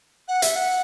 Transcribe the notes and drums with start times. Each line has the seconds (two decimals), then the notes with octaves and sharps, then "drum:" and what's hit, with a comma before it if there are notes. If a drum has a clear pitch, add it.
0.28 F#5
0.42 E5, drum: hi-hat
0.56 F#5